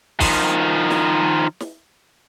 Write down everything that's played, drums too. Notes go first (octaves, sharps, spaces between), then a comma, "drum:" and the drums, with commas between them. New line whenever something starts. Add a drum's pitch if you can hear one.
D#3 F3, drum: kick, open hi-hat
drum: snare
drum: snare